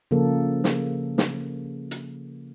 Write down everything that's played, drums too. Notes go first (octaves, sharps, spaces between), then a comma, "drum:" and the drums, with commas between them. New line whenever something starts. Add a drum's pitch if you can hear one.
C#3 F3 A#3 A4
drum: snare
drum: snare
drum: hi-hat